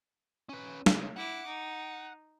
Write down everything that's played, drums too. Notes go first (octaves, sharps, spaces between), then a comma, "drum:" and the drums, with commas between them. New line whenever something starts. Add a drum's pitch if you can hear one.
C#4 B4
C#3 G#3, drum: snare
E4 F#5 D6
D#4